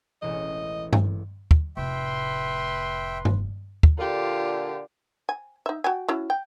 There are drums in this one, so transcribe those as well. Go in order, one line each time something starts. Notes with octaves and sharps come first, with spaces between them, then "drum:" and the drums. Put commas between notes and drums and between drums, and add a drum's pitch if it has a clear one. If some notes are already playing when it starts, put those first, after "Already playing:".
E1 A1 D#5
drum: tom G2
drum: kick
F1 A2 B4 E5 G5 C6
drum: tom G2
drum: kick
A#2 D3 F4 G4
G#5
D#4 E5
F#4 G5 G#5
C#4 E4 F#4
G5